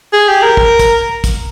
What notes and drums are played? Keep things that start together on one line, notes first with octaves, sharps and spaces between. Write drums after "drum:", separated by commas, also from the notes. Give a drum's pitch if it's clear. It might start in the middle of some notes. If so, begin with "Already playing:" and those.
G#4
G4
A#4
drum: kick
drum: kick, hi-hat
drum: kick, hi-hat